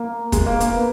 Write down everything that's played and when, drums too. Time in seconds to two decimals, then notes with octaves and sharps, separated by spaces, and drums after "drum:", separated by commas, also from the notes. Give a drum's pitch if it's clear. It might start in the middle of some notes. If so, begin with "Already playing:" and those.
Already playing: A#3
0.32 G#3, drum: kick, hi-hat
0.46 A#3
0.60 A#3, drum: hi-hat
0.75 B3